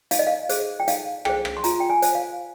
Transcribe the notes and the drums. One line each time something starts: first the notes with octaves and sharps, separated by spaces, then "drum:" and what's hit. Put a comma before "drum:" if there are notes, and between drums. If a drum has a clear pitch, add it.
D#4 F5, drum: hi-hat
D#5
F5
G#4 C5, drum: hi-hat
G5
D#4 F5, drum: hi-hat
G#4 C5 G5, drum: rim click
drum: rim click
C6
F4 A#5, drum: hi-hat
G5
G#5
C5, drum: hi-hat
F5